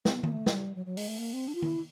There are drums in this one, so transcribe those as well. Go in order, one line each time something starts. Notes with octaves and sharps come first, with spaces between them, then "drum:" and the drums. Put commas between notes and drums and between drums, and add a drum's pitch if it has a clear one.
C4, drum: snare
B3
A#3, drum: tom D#3
A3
G#3, drum: snare
G3
F#3
F#3
G#3, drum: open hi-hat
A3
A#3
C4
D4
F4
E4, drum: tom D#3